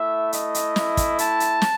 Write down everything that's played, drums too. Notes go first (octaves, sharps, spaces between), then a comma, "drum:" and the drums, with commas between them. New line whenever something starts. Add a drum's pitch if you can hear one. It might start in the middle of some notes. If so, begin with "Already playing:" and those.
Already playing: A3 E4 E5
D#5, drum: hi-hat
drum: hi-hat
A3 E4, drum: snare
drum: kick, hi-hat
A5, drum: hi-hat
drum: hi-hat
drum: snare